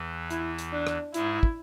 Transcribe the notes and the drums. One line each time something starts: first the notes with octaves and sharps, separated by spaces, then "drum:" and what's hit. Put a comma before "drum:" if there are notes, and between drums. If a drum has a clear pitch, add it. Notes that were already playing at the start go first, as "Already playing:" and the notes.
Already playing: E2 E3
E4, drum: hi-hat
drum: hi-hat
D4
drum: rim click
G#2 G#3 E4, drum: hi-hat
drum: kick